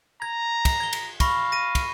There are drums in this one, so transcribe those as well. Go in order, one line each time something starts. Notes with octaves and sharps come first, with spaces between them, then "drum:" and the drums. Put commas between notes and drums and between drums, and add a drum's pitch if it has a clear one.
A#5 G#6
drum: kick, cymbal
G#6 G7
drum: cymbal
F5 B5 C#6 A#6, drum: kick, cymbal
A#6 D#7
drum: kick, cymbal